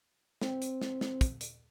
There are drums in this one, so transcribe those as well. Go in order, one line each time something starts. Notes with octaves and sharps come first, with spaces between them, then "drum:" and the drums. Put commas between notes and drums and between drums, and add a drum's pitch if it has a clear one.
C4, drum: snare
drum: hi-hat
drum: snare
drum: snare
drum: kick, hi-hat
drum: hi-hat